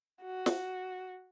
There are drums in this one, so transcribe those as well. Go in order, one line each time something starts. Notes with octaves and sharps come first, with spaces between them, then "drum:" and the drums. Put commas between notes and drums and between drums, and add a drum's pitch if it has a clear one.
F#4
drum: snare